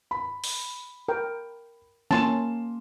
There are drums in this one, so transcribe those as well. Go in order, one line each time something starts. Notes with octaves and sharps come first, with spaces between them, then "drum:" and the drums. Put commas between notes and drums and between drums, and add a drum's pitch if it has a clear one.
B5
drum: open hi-hat
A#4 G5
A#3 C#4 G#5 A5 C6 E7, drum: snare